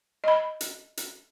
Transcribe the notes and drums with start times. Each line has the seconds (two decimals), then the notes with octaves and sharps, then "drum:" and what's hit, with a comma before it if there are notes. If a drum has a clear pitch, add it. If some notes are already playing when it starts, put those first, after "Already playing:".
0.24 D#5 B5
0.61 drum: hi-hat
0.97 drum: hi-hat